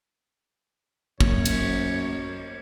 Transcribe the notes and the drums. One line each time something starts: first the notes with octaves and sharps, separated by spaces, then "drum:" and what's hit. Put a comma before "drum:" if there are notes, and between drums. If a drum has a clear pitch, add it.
F#2 F#3 A3 A#3 C#5, drum: kick
drum: cymbal